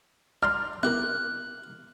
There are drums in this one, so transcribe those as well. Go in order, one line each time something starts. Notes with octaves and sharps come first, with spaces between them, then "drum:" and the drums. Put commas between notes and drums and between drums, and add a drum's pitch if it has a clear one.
D5 A#5 C6 F6
E4 G4 A#4 F#6, drum: tom B3